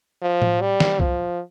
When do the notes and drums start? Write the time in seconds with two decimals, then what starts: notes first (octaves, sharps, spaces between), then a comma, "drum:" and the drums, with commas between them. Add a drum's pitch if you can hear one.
0.22 F3
0.42 drum: tom A2
0.61 G3
0.80 drum: snare
1.00 F3, drum: kick